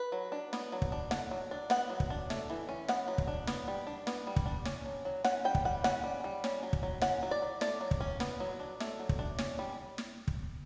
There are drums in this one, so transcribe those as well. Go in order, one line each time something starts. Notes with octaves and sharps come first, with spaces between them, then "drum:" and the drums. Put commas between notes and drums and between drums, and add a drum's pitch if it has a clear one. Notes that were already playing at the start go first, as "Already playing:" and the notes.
Already playing: B4
F#3
D4
B3, drum: snare
F#3
drum: kick
D4
A3 F#5, drum: snare
F#3
D4
B3 F#5, drum: snare
F#3
drum: kick
D4
A3, drum: snare
E3
C#4
B3 F#5, drum: snare
F#3
drum: kick
D4
B3, drum: snare
G3
D4
B3, drum: snare
G3
drum: kick
D4
C#4, drum: snare
F#3
F#3
C#4 F#5, drum: snare
G3 G5
drum: kick
G3 F#5
C#4 F#5, drum: snare
G3
G3
C#4, drum: snare
F#3
drum: kick
F#3
C#4 F#5, drum: snare
F#3
D5
F#3
A3 D5, drum: snare
F#3
drum: kick
C#4
B3, drum: snare
F#3
D4
A3, drum: snare
F#3
drum: kick
D4
C#4, drum: snare
G3
drum: snare
drum: kick